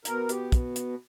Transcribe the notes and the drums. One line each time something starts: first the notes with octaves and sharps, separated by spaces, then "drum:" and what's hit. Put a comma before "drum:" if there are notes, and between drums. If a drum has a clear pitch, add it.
B2 A#4, drum: hi-hat
G4, drum: hi-hat
drum: kick, hi-hat
drum: hi-hat